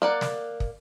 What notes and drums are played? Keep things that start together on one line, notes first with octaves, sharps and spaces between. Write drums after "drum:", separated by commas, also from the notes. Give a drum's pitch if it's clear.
A#3 D5 F#5
drum: snare
drum: kick